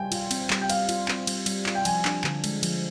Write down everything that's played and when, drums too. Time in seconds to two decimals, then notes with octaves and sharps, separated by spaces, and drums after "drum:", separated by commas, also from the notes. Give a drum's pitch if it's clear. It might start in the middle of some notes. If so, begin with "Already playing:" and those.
Already playing: G3 G5 G#5
0.12 F4, drum: cymbal
0.31 C4, drum: cymbal
0.50 G3, drum: clap
0.61 G5
0.69 G3 F5, drum: cymbal
0.89 F4, drum: cymbal
1.08 C4, drum: clap
1.27 G3, drum: cymbal
1.46 G3, drum: cymbal
1.66 F4, drum: clap
1.75 G5
1.85 F3 G#5, drum: cymbal
2.05 D4, drum: clap
2.24 D3, drum: clap
2.44 G#3, drum: cymbal
2.63 F3, drum: cymbal